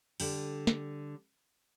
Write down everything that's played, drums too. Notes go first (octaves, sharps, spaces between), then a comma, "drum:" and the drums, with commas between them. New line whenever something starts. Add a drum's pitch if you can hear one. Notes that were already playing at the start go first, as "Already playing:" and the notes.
D3 G3, drum: open hi-hat
drum: snare